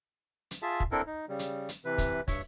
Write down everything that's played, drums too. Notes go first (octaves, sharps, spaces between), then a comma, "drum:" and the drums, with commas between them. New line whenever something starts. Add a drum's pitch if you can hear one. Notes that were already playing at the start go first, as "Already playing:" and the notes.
drum: hi-hat
F4 G#4 E5 A5
drum: kick
C4 D4 E4 A4 A#4
D#4
C#3 G3
drum: hi-hat
drum: hi-hat
C3 E3 B4
drum: kick, hi-hat
G2 C#5 E5, drum: kick, open hi-hat